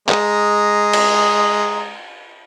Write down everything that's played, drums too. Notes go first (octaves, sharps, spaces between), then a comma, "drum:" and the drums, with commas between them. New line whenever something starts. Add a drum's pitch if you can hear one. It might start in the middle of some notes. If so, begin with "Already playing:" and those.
G#3 A#5 D#6, drum: clap
drum: cymbal